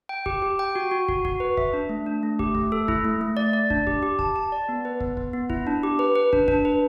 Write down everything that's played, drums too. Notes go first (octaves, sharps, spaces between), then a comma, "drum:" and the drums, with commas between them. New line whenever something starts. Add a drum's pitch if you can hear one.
G5
G4, drum: kick
G4
G5
F#4
F#4
F#4, drum: kick
F#4, drum: kick
B4
E5, drum: kick
D4
A3
D4
A3
G4, drum: kick
A3, drum: kick
A4
E4, drum: kick
A3
A3
D5
D5
D4, drum: kick
G4, drum: kick
G4
A5, drum: kick
A5
D5
B3
B4
B3, drum: kick
B3, drum: kick
B3
E4, drum: kick
D4
G4
B4
B4
D4, drum: kick
D4, drum: kick
B4